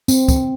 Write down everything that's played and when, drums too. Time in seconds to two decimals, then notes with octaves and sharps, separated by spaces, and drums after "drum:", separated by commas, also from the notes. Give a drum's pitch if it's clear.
0.08 C4, drum: tambourine
0.28 drum: kick, tambourine